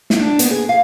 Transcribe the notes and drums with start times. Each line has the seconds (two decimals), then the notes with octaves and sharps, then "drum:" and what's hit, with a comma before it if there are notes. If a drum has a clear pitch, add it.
0.10 drum: snare
0.19 D4
0.39 B3, drum: hi-hat
0.51 G#4
0.69 F5